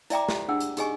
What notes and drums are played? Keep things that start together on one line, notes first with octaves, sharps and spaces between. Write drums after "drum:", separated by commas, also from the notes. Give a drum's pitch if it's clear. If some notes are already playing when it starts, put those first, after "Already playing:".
E4 D5 E5 G5 A#5 D6, drum: hi-hat
G4, drum: snare
D4 G#4 F#5 E6
drum: hi-hat
D#4 G4 G#4 D#5 G#5 C#6, drum: hi-hat